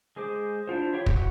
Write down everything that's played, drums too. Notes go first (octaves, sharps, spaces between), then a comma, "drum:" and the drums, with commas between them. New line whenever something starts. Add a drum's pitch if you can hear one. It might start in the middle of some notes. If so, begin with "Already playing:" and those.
G#3 G#4 C5 D6
D4 E4 F4 C5
F4 G4 C#5 B5
E3 F#4 A4 B4, drum: kick